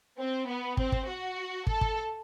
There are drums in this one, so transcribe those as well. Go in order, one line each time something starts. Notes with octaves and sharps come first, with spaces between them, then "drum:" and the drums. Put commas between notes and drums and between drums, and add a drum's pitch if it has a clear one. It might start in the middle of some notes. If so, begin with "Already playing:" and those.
C4
B3
C4, drum: kick
drum: kick
F#4
A4, drum: kick
drum: kick